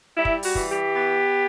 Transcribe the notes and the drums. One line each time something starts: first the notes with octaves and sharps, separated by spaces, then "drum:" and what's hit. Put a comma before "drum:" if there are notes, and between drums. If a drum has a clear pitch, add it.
G3 E4
drum: kick
F#4, drum: open hi-hat
E3, drum: kick
G4
B3